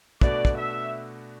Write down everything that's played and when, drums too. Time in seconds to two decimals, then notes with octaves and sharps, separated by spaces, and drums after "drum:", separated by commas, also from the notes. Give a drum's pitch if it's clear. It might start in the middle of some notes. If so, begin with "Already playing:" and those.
0.21 B2 A3 D4 F#4 D5, drum: kick
0.45 drum: kick
0.57 E5